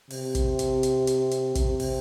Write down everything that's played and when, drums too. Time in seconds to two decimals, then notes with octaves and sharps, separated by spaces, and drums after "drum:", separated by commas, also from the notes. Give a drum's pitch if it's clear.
0.10 C3, drum: open hi-hat
0.35 drum: kick, hi-hat
0.59 drum: hi-hat
0.83 drum: hi-hat
1.07 drum: hi-hat
1.31 drum: hi-hat
1.55 C3, drum: kick, hi-hat
1.80 drum: open hi-hat